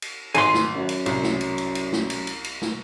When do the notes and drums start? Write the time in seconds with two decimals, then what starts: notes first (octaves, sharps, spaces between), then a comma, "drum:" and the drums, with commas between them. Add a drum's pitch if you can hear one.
0.02 drum: cymbal
0.35 G#1 G#5 C6, drum: cymbal
0.54 drum: snare
0.75 F#2
0.89 drum: cymbal
1.06 C2, drum: cymbal
1.23 drum: snare
1.41 drum: cymbal
1.58 drum: cymbal
1.75 drum: cymbal
1.93 drum: snare
2.10 drum: cymbal
2.27 drum: cymbal
2.44 drum: cymbal
2.62 drum: snare